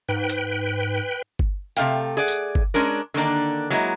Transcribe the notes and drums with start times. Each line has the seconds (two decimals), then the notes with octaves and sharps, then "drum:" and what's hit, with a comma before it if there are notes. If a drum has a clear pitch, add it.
0.09 G#2 B4 G5
0.30 drum: hi-hat
1.39 drum: kick G1
1.77 C3 A3 A#3 F5 G5, drum: hi-hat
2.17 G#4 D5 F#5
2.28 drum: tambourine
2.55 drum: kick G1
2.74 G#3 C#4 D4 A#4
3.14 D3 D#3 A#3 D4
3.70 F#3 G#3 A#3 E4